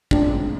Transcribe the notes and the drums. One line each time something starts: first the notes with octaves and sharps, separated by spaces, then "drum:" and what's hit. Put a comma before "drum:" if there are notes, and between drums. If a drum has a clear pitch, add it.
F#2 D#3 G#3 C4 D4 F4, drum: kick